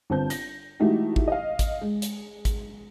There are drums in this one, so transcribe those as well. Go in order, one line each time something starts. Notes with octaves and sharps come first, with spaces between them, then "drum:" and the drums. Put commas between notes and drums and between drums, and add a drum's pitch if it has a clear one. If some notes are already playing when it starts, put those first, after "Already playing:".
G1 C4 A5 G6
A#6, drum: hi-hat
E3 G#3 A3 D#4 F#4 G4
drum: kick G#1
D#5 F5
drum: kick G#1, hi-hat
G#3
drum: hi-hat
drum: kick G#1, hi-hat